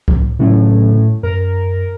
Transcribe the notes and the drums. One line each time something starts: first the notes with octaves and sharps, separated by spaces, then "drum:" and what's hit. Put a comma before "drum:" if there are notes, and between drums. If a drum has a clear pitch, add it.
drum: kick C2
A2 C#3 F#3 C#4
F#2 A#4